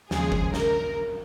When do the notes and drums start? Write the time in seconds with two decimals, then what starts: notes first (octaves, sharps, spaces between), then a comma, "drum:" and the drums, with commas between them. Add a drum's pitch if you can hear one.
0.11 D#2 C#3 F3 G#3 G#4, drum: snare
0.32 drum: kick G1
0.54 A#4, drum: snare